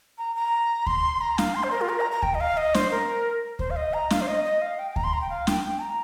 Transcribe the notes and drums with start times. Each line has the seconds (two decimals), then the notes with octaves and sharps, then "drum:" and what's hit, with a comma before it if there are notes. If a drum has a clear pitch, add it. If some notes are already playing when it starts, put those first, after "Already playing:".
0.18 A#5
0.36 A#5
0.87 C6, drum: kick D2
1.21 A#5
1.38 F5, drum: snare
1.55 C6
1.63 C5
1.72 A#4
1.81 F4
1.89 A#4
2.01 A#5
2.11 A#5
2.23 G5, drum: kick D2
2.35 D#5
2.40 F5
2.57 D#5
2.74 C5, drum: snare
2.91 A#4
3.59 C5, drum: kick D2
3.71 F5
3.76 D#5
3.94 A#5
4.10 F5, drum: snare
4.21 C5
4.28 D#5
4.45 D#5
4.62 F5
4.79 G5
4.91 G5
4.96 A#5, drum: kick D2
5.04 C6
5.13 A#5
5.21 G5
5.30 F5
5.47 G5, drum: snare
5.64 G5
5.81 A#5